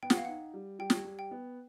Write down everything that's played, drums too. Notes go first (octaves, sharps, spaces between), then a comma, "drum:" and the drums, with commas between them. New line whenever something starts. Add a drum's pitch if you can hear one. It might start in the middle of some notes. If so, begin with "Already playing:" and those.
B3 G5
F#5, drum: snare
F5
D#4 F#5
G3
G3 G5
drum: snare
G3
G5
B3